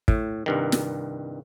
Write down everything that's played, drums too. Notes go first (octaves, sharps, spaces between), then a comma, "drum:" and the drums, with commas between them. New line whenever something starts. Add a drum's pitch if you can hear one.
A2, drum: kick
C2 G2 D#3
drum: snare